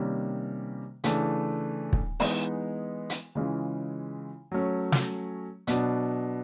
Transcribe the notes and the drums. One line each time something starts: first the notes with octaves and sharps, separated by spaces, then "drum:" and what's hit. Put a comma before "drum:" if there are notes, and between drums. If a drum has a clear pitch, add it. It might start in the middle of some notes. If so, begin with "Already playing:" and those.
Already playing: C3 D#3 G3 A#3 C#4
C#3 E3 A3 D4, drum: hi-hat
drum: kick
E3 G#3 B3 D#4, drum: open hi-hat
drum: hi-hat
C#3 E3 G#3 C#4 F4
F#3 A3 C#4
drum: snare
B2 F#3 B3 D4, drum: hi-hat